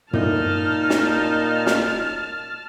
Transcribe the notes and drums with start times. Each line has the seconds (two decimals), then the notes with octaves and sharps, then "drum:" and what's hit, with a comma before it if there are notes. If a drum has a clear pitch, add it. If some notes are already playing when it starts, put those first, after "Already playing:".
0.13 A#2 D#4 A5 F6, drum: tom
0.90 drum: snare
1.67 drum: snare